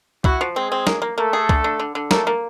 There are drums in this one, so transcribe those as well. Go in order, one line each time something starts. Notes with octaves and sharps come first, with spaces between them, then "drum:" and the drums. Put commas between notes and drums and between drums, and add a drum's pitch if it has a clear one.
E4 F#4, drum: kick C2
F3
G#3 C4 G#4
C4
A#3, drum: snare
A#3
A3 A#3 A4
G#4
D3, drum: kick C2
D3
D3
D3
A3 A#3 A4, drum: snare
A#3